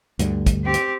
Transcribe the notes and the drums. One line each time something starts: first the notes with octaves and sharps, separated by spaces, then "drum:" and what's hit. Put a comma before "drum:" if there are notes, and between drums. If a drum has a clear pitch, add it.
D2 G2 D3, drum: hi-hat
drum: kick, hi-hat
C4 G4
drum: hi-hat